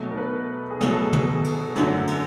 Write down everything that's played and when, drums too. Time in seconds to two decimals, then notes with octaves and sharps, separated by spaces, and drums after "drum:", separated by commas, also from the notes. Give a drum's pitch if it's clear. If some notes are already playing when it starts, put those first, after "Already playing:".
Already playing: B2 F#3 A3
0.11 A#4
0.17 B4
0.70 G#4
0.81 B2 F#3 A3 A4, drum: snare
1.13 drum: tom
1.44 drum: cymbal
1.75 F#2 D3 F#3 A3, drum: snare
2.07 drum: cymbal